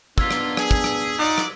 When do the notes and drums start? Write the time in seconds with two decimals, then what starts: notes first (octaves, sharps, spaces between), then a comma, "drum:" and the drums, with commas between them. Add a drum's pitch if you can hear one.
0.18 A#3 B3 D4 D#4 F4 E6 G#6 B6, drum: kick
0.31 drum: rim click
0.57 G#4, drum: rim click
0.71 drum: kick
0.84 drum: rim click
1.19 D#4 F4 F#4 D5
1.38 drum: rim click